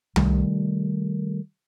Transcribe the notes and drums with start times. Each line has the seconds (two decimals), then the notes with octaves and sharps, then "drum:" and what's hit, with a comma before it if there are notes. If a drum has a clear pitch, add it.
0.16 C3 D#3 G3 A3, drum: tom C2